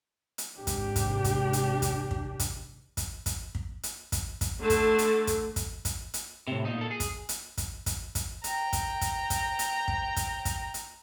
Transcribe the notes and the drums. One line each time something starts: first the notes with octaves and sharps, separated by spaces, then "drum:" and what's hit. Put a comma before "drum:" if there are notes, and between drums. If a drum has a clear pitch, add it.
drum: hi-hat
G#1 G#2 C3 D4 G4
drum: kick, hi-hat
drum: kick, hi-hat
drum: kick, hi-hat
drum: hi-hat
drum: kick, hi-hat
drum: kick
drum: kick, hi-hat
drum: kick, hi-hat
drum: kick, hi-hat
drum: kick
drum: hi-hat
drum: kick, hi-hat
drum: kick, hi-hat
D3 A3
drum: kick, hi-hat
drum: hi-hat
drum: kick, hi-hat
drum: kick, hi-hat
drum: kick, hi-hat
drum: hi-hat
A2 C3
A#2 D#4
A#2 A4
G#4
drum: kick, hi-hat
drum: hi-hat
drum: kick, hi-hat
drum: kick, hi-hat
drum: kick, hi-hat
G5 A#5, drum: hi-hat
drum: kick, hi-hat
drum: kick, hi-hat
drum: kick, hi-hat
drum: hi-hat
drum: kick
drum: kick, hi-hat
drum: kick, hi-hat
drum: hi-hat